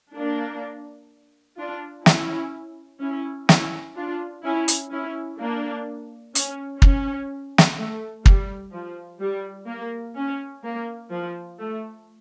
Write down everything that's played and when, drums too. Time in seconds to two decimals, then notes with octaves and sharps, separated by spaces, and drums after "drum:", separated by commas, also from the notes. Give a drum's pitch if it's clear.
0.15 A#3 D4
1.58 D4 F4
2.06 C#4 E4, drum: snare
3.01 C#4 E4
3.49 C#4 E4, drum: snare
3.97 D4 F4
4.44 C#4 E4
4.68 drum: hi-hat
4.91 C#4 E4
5.40 A#3 D4
6.35 C#4, drum: hi-hat
6.82 C#4, drum: kick
7.58 drum: snare
7.78 A3
8.26 G3, drum: kick
8.72 F3
9.21 G3
9.68 A#3
10.16 C#4
10.64 A#3
11.11 F3
11.58 A3